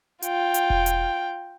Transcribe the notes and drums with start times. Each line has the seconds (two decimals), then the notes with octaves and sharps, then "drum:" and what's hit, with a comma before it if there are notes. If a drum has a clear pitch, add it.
0.22 F4 G5, drum: hi-hat
0.54 drum: hi-hat
0.70 drum: kick E1
0.86 drum: hi-hat